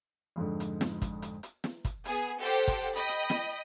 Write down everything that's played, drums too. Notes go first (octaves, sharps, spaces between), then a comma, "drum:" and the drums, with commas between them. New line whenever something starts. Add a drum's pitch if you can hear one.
F2 G#2 D3
drum: hi-hat
drum: snare
drum: kick, hi-hat
drum: hi-hat
drum: hi-hat
drum: snare
drum: kick, hi-hat
B3 G#4, drum: hi-hat
G4 A4 C5 F#5 G5
drum: kick, hi-hat
D#5 G5 B5
drum: hi-hat
drum: snare